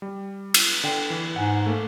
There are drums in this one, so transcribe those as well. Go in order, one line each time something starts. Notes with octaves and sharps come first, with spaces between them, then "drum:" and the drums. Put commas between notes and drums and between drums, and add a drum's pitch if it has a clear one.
G3
drum: cymbal
D3 G5
E3
G#2 F#5 G#5
A3 A#3